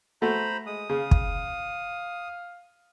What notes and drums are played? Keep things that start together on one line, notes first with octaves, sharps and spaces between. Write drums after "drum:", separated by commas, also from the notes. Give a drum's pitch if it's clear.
A3 F#4 C5 A#5 B5
G#3 D#6
C#3 F5
drum: kick